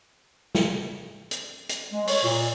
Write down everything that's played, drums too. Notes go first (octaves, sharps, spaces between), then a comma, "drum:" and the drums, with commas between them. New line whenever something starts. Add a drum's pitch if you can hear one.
drum: snare
drum: hi-hat
drum: hi-hat
G#3
C#5, drum: open hi-hat
A#2